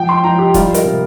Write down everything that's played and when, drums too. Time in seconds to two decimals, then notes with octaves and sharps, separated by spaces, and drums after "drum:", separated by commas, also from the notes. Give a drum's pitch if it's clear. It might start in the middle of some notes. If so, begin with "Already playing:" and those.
Already playing: F3 G5
0.09 C6
0.23 F3 A#5
0.39 G4
0.54 G3 F4, drum: kick E1, hi-hat
0.74 A#4, drum: hi-hat
0.85 C3